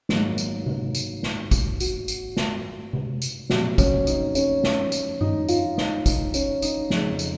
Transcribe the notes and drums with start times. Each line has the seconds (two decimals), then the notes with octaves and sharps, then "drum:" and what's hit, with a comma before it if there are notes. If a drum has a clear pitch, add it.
0.09 G#1 G#2 F#3 A#3 D#4, drum: snare
0.38 drum: tambourine
0.66 drum: tom C3
0.95 drum: tambourine
1.23 drum: snare
1.51 drum: kick, tambourine
1.80 F#4, drum: tambourine
2.08 drum: tambourine
2.37 drum: snare
2.93 drum: tom C3
3.22 drum: tambourine
3.50 F2 C3 F#3 A#3 F#4, drum: snare
3.78 C#4, drum: kick, tambourine
4.07 D#4, drum: tambourine
4.35 C#4, drum: tambourine
4.64 drum: snare
4.92 drum: tambourine
5.21 D#4, drum: tom G2
5.48 F4, drum: tambourine
5.78 D#4, drum: snare
6.06 D#4, drum: kick, tambourine
6.34 C#4, drum: tambourine
6.62 D#4, drum: tambourine
6.90 F2 C#3 G#3, drum: snare
7.19 drum: tambourine